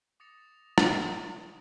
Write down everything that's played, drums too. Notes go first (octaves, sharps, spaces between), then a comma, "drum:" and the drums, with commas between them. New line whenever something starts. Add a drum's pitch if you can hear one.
D6 D#6 A6 A#6 C#7 F7
drum: rim click